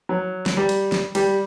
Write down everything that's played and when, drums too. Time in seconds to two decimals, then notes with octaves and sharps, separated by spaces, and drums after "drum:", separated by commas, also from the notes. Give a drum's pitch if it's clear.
0.09 F#3
0.46 drum: snare
0.57 G3
0.69 drum: cymbal
0.92 drum: snare
1.15 G3, drum: cymbal